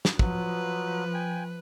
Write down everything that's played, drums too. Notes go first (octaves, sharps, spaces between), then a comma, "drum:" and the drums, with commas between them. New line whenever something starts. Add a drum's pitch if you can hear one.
drum: snare
F3 F#3 B4, drum: kick
G5 G#5